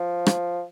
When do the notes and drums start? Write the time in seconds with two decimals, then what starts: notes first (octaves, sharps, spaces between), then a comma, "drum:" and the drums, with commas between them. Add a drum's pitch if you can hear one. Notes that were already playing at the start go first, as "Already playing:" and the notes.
Already playing: F3
0.26 drum: rim click